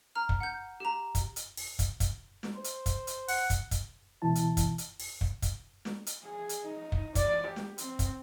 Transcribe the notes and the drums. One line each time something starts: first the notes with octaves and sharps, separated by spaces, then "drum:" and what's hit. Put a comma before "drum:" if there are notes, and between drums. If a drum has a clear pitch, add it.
A#5 F6
drum: kick
F#5 G6
G4 A#5
drum: kick, hi-hat
drum: hi-hat
drum: open hi-hat
drum: kick, hi-hat
drum: kick, hi-hat
drum: snare
C5
drum: hi-hat
drum: kick, hi-hat
drum: hi-hat
F#5, drum: open hi-hat
drum: kick, hi-hat
drum: kick, hi-hat
C#2 B2 E3 E4 A5
drum: hi-hat
drum: kick, hi-hat
drum: hi-hat
drum: open hi-hat
drum: kick
drum: kick, hi-hat
drum: snare
drum: hi-hat
G#4
drum: hi-hat
D#4
drum: kick
D5, drum: kick, hi-hat
G4
drum: snare
C4, drum: hi-hat
drum: kick, hi-hat